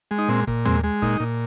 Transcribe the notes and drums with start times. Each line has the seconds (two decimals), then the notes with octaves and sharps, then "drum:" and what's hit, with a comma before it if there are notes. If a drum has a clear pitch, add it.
0.11 G#3
0.19 D#4
0.28 A#2 C4
0.47 A#2, drum: kick
0.65 G#3 C4, drum: tom
0.84 G#3
1.02 A#2 D#4, drum: kick
1.20 A#2